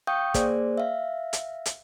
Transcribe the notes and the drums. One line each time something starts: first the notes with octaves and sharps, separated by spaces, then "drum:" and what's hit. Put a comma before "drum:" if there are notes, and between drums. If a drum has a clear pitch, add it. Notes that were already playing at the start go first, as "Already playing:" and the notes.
F5 G5 C#6 D#6 G6
A#3 G#4 C5 D5, drum: kick, hi-hat
E5 F5
drum: hi-hat
drum: hi-hat